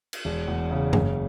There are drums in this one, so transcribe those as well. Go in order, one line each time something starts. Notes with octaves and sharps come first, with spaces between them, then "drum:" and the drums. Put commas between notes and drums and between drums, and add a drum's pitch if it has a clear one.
drum: cymbal
E1
E2
C#3
F#1, drum: tom G2